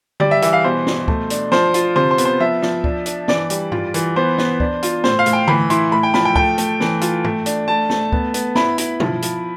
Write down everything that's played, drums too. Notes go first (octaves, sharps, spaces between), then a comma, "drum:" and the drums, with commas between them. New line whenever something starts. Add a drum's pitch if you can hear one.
G3 D5, drum: tom D3
E5
E3 E5, drum: hi-hat
F5
B2 C5
B2, drum: snare
A3, drum: kick C#2
D4, drum: hi-hat
F3 C5, drum: snare
F4, drum: hi-hat
C3 C5, drum: tom D3
C5
B3, drum: hi-hat
C5
F3 E5
F3, drum: snare
D4, drum: kick C#2
D4, drum: hi-hat
E3 D5, drum: snare
G3, drum: hi-hat
F4, drum: tom G#2
E3, drum: hi-hat
B3 C5
B3, drum: snare
D4, drum: kick C#2
F4, drum: hi-hat
A2 C5, drum: snare
F5
A2, drum: hi-hat
G5
E3 B5, drum: tom D3
E4 C6, drum: hi-hat
A2 B5
G5
F3 B5, drum: snare
G5
A3 G5, drum: kick C#2
A3, drum: hi-hat
E3, drum: snare
F4, drum: hi-hat
A3, drum: tom G#2
D4, drum: hi-hat
A3 A5
A3, drum: snare
B3, drum: kick C#2
B3, drum: hi-hat
E4 B5, drum: snare
E4, drum: hi-hat
F3, drum: tom
F3, drum: hi-hat